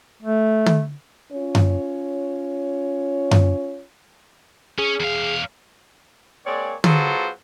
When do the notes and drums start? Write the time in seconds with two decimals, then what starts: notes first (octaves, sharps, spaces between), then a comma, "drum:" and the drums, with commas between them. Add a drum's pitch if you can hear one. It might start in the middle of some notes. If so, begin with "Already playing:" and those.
0.23 A3
0.66 drum: tom
1.32 C#4 F4 C#5
1.55 drum: tom F#2
3.31 drum: tom F#2
4.79 C#4 G#4
5.00 E2 F5
6.46 G#3 A#3 C4 C#5 D5
6.84 F#3 B3 F4 G#4 A4 C5, drum: tom